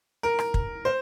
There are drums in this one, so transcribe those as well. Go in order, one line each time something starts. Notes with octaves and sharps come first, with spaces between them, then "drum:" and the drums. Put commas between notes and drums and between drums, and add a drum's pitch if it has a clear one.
A#4
drum: rim click
drum: kick
C5